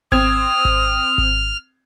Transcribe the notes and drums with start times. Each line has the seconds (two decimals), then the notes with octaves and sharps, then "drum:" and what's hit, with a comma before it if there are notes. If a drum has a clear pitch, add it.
0.12 C4 D#6 F6 G#6, drum: kick G#1
0.65 drum: kick G#1
1.18 drum: kick G#1